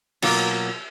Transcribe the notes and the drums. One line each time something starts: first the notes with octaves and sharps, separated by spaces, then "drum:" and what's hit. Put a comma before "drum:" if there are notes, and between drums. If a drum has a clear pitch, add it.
B2 F#3 A#3 F4, drum: cymbal